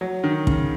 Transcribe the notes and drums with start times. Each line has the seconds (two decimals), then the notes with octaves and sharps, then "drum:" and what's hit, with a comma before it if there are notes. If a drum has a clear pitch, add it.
0.01 F#3
0.24 D#3
0.47 C#3, drum: kick